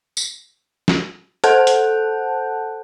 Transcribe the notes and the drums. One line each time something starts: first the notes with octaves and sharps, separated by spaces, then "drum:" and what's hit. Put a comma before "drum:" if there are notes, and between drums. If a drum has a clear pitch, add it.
drum: tambourine
drum: snare
A4 C5 F#5 A5 F#6 G6, drum: hi-hat
drum: hi-hat